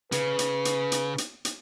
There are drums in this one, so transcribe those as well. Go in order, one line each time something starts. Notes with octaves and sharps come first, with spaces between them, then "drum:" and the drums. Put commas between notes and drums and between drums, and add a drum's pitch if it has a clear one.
C#3 B4, drum: hi-hat
drum: hi-hat
drum: hi-hat
drum: hi-hat
drum: hi-hat
drum: hi-hat